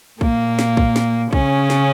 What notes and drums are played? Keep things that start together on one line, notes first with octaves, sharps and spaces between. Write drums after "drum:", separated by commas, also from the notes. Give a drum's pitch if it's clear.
A#2 A#3, drum: kick
drum: snare
drum: kick
drum: snare
C#3 C#4, drum: kick
drum: snare